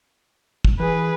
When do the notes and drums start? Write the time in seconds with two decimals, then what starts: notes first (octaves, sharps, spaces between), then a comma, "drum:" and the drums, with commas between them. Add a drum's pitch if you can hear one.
0.65 drum: kick
0.80 E3 G#4 B4